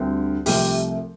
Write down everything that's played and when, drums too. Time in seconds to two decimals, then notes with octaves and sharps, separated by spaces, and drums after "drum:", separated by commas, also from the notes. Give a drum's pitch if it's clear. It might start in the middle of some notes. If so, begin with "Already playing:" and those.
Already playing: D2 D3 G3 C4
0.46 C2 C3 F3 A3 G4, drum: open hi-hat